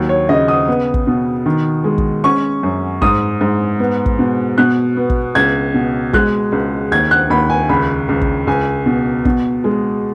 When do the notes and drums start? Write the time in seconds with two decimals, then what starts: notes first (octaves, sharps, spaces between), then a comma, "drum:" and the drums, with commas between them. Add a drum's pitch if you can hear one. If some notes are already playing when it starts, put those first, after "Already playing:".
Already playing: D#2 F#3
0.09 C#5
0.29 C#3 D#5
0.48 D#6
0.68 B3
0.94 drum: kick
1.07 B2
1.46 D#3
1.84 G#3
1.98 drum: kick
2.24 C#4 C#6
2.63 F#2
3.02 G#2 D#6, drum: kick
3.41 G#2
3.79 B3
4.06 drum: kick
4.19 B2
4.58 B2 F#6
4.97 B3
5.10 drum: kick
5.35 C#2 G#6
5.74 B2
6.13 G#3 F#6, drum: kick
6.52 C#2
6.91 D#2 G#6
7.11 F#6
7.30 D#2 B5
7.50 G#5
7.69 C#2 B5
8.09 C#2
8.21 drum: kick
8.47 C#2 G#5
8.86 B2
9.25 B2, drum: kick
9.64 G#3